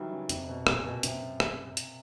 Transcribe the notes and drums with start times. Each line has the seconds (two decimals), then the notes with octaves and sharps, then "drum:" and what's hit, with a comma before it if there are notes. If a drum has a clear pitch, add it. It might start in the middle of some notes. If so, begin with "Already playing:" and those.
Already playing: D#3 E3 F#3 G3
0.11 C#3
0.29 F2 C3, drum: hi-hat
0.49 B2
0.67 A#2, drum: rim click
0.85 B2
1.03 F#2 C3, drum: hi-hat
1.40 drum: rim click
1.77 drum: hi-hat